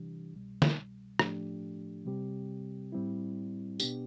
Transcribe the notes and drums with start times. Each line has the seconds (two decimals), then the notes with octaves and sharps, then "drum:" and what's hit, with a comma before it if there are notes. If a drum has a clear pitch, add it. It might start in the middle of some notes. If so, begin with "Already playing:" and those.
Already playing: C3 E3 G3 D4 G4
0.33 C2 B2 G3
0.62 drum: snare
1.19 A2 F3 A3 D4 G4, drum: rim click
2.05 C3 G3 C4 G4
2.92 A2 G3 C4 E4
3.80 B2 B3 D4 G4, drum: tambourine